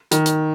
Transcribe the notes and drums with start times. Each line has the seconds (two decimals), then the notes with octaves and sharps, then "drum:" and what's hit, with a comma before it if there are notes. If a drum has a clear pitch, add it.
0.11 D#3, drum: hi-hat
0.26 drum: hi-hat